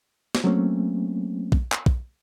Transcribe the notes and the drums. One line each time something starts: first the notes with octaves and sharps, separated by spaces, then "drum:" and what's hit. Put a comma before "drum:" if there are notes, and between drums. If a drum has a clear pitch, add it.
drum: snare
F#3 A3 A#3 C4 C#4
drum: kick
drum: clap
drum: kick